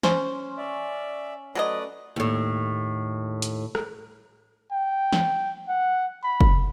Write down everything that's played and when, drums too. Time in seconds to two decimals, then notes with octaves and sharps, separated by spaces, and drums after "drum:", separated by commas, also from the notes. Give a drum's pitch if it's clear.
0.03 C#4 C5, drum: snare
0.57 D5 E5
1.55 F#3 A3 A4 B4 D5 D#5
2.16 D#2 A2
3.42 drum: hi-hat
3.75 drum: rim click
4.72 G5
5.13 drum: snare
5.68 F#5
6.23 B5
6.41 drum: kick